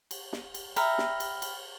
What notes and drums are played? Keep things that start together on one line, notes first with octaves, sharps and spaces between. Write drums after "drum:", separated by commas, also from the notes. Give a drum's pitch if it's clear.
drum: cymbal
drum: snare
drum: cymbal
E5 G5 A#5 B5 F6, drum: cymbal
drum: snare
drum: cymbal
drum: cymbal